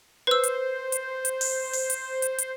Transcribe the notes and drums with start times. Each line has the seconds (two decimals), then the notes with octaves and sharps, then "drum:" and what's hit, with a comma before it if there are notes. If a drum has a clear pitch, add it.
0.27 B4 C5 E6
0.43 drum: hi-hat
0.92 drum: hi-hat
1.25 drum: hi-hat
1.41 drum: open hi-hat
1.73 drum: open hi-hat
1.90 drum: hi-hat
2.22 drum: hi-hat
2.38 drum: hi-hat